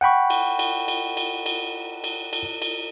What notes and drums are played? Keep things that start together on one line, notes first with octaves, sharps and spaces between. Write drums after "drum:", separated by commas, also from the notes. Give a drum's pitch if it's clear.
F#5 G5 B5 C#6
drum: cymbal
drum: cymbal
drum: cymbal
drum: cymbal
drum: cymbal
drum: cymbal
drum: cymbal
drum: cymbal